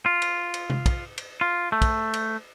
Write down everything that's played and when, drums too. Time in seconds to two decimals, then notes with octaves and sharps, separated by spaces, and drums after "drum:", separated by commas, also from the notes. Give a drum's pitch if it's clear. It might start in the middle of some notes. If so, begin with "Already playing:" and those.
0.06 F4
0.22 drum: cymbal
0.54 drum: cymbal
0.70 drum: tom C3
0.86 drum: kick, cymbal
1.18 drum: cymbal
1.41 F4
1.72 A3
1.82 drum: kick, cymbal
2.14 drum: cymbal